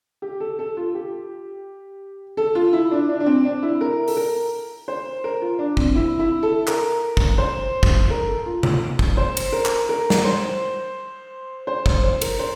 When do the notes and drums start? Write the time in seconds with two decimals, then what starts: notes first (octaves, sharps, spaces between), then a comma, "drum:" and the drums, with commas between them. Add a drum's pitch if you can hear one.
0.22 G4
0.40 A4
0.59 A4
0.77 F4
0.95 G4
2.37 A4
2.55 F4
2.73 E4
2.91 D4
3.09 D4
3.20 D4
3.26 C4
3.45 D4
3.63 E4
3.81 A#4
4.08 A4, drum: open hi-hat
4.17 A#4
4.88 C5
5.24 A#4
5.42 F4
5.59 D4
5.77 C4, drum: kick
5.95 E4
6.19 E4
6.43 A4
6.67 A#4, drum: clap
7.17 drum: kick
7.38 C5
7.83 drum: kick
8.10 A#4
8.28 A4
8.46 F4
8.63 F4, drum: tom C3
8.99 drum: kick
9.17 C5
9.37 drum: cymbal
9.53 A#4
9.66 drum: clap
9.89 A#4
10.10 drum: snare
10.25 C5
11.67 C5
11.86 C5, drum: kick
12.04 C5
12.22 A#4, drum: cymbal
12.39 C5